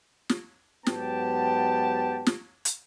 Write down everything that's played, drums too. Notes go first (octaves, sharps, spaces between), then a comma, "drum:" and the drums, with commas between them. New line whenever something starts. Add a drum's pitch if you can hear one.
drum: snare
G#2 F#3 B3 G4 G5 A5, drum: snare
drum: snare
drum: hi-hat